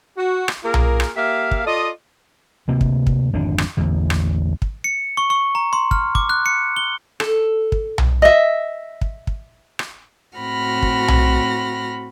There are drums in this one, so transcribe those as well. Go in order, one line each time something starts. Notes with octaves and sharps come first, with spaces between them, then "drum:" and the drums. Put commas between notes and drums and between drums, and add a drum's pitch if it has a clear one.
F#4
drum: rim click
A#3 F4 G#4 A#4
drum: tom B1
drum: rim click
A#3 G4 E5 F5
drum: kick
F4 A4 D5 D#5
D2 C3 A#3
drum: kick
drum: kick
G#1 F2 D3 D4
drum: rim click
A1 E2 D3
drum: rim click
drum: kick
C#7
C#6
C#6
A#5
C6
F6, drum: kick
D6, drum: kick
F#6
C#7
G7
A4, drum: rim click
drum: kick
drum: tom B1
D#5 E5
drum: kick
drum: kick
drum: rim click
A2 C4 F#4 B5 F6 A#6
drum: kick
drum: tom B1